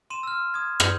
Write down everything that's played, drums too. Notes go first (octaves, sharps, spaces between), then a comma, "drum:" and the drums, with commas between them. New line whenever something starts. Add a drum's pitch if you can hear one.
C6 D#7 E7
E6 F6
D#6 G#6
G6 F#7, drum: rim click